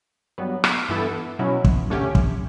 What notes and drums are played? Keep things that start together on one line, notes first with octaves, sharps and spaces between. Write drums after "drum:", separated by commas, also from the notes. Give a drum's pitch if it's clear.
G2 F#3 B3
drum: rim click
G2 E3 B3 E4 A4
B2 F#3 C#4 E4
drum: kick
D3 A3 C#4 G4
drum: kick